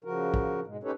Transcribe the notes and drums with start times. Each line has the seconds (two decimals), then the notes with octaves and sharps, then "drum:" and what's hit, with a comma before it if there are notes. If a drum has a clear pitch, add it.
0.04 C#3 F3 F#4 A#4
0.34 drum: kick
0.67 G#2 B2 G#3
0.84 C#4 D#4 G4 A4 B4 C#5